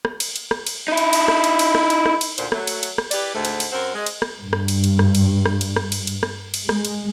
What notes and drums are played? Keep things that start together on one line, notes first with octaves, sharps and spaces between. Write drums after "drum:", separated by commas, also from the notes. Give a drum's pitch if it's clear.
drum: rim click
drum: cymbal
drum: cymbal
drum: rim click
drum: cymbal
D#4 E4
drum: cymbal
drum: cymbal
drum: rim click
drum: cymbal
drum: cymbal
drum: rim click
drum: cymbal
drum: rim click
drum: cymbal
D2 A#2 C5, drum: cymbal
F#3 A3, drum: rim click
drum: cymbal
drum: cymbal
drum: rim click
E4 G4 B4 D5, drum: cymbal
D2 G#2 A3
drum: cymbal
drum: cymbal
F#2 C4 A#4 C5 F#5
G#3
drum: cymbal
drum: rim click
G2
drum: rim click
drum: cymbal
drum: cymbal
drum: rim click
drum: cymbal
drum: rim click
drum: cymbal
drum: rim click
drum: cymbal
drum: cymbal
drum: rim click
drum: cymbal
G#3, drum: rim click
drum: cymbal